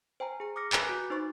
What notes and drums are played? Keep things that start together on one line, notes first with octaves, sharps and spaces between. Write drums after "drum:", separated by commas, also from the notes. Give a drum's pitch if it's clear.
C5 G5 G#5 A#5
G#4 A#5
D6 D#6 F6 A#6 C#7
B4 G5 G#5 A#5 B5 F#6, drum: clap
F#4 D6 F#6
D#4 C5 C#6 A6